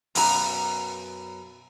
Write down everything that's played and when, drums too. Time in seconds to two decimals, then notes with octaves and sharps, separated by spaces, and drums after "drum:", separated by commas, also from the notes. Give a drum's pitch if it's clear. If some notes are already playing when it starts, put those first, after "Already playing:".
0.15 F#2 B2 A#5, drum: open hi-hat